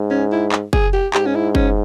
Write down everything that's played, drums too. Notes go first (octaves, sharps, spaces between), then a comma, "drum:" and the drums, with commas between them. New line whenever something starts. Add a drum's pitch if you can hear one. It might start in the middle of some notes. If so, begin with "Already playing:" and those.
Already playing: G#2
C#4
E4
drum: clap
G#4, drum: kick
G4
G#2 G4, drum: clap
C#4
E4
C#4, drum: kick